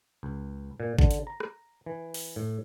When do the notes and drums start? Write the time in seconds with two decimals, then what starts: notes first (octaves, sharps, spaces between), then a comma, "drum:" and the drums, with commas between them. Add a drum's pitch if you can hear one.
0.23 C#2
0.80 A#2
0.99 D3, drum: kick G#1
1.11 drum: hi-hat
1.27 A#5
1.40 drum: rim click
1.86 E3
2.14 drum: open hi-hat
2.36 A2